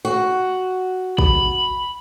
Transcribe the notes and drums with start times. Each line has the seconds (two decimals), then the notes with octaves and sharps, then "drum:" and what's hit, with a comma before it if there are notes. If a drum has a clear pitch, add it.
0.05 F#4
1.18 B5, drum: kick